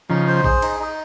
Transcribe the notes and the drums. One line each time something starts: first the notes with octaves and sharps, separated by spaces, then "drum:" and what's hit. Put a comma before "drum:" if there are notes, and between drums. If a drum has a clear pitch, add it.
C#3 F3 D#4
C5
G#4, drum: kick A#1
D#4, drum: cymbal
D#4